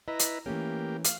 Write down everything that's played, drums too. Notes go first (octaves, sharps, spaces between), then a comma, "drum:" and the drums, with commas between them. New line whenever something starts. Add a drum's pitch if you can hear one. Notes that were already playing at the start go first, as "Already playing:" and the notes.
E4 B4 D#5 A#5
drum: hi-hat
E3 A3 A#3 C#4 G4
A3 F5, drum: hi-hat